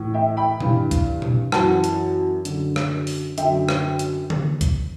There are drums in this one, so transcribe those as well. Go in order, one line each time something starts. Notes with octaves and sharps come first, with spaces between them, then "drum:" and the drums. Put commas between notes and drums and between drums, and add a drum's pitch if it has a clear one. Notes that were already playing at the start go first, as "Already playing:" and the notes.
Already playing: A2 E3
E5 G5
G5 B5
G2 E3, drum: tom A#2
drum: kick, hi-hat
drum: tom A#2
F#2 E3 F#5 A5, drum: rim click
drum: hi-hat
F#2 D3, drum: hi-hat
drum: rim click
drum: open hi-hat
F#2 D3 E5 G5, drum: hi-hat
drum: rim click
drum: hi-hat
drum: tom D3
drum: kick, hi-hat